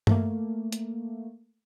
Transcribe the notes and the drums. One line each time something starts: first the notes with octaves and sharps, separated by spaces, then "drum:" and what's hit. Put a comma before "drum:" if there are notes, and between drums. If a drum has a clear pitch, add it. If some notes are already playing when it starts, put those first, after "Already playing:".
A3 A#3, drum: tom G2
drum: hi-hat